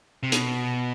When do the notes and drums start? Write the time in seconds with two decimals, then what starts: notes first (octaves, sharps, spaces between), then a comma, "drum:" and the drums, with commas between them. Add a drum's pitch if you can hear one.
0.23 C3
0.32 B2, drum: hi-hat